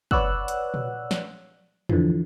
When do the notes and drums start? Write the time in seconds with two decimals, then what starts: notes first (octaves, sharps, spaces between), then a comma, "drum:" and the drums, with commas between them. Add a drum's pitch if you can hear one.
0.11 B4 C#5 D5 F#5 E6 F#6, drum: kick
0.48 drum: hi-hat
0.74 drum: tom A#2
1.11 drum: snare
1.89 D3 E3 F3, drum: tom E2